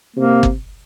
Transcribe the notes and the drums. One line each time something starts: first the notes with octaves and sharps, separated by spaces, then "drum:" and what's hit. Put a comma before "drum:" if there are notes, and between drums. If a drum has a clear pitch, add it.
C3 A#3
drum: kick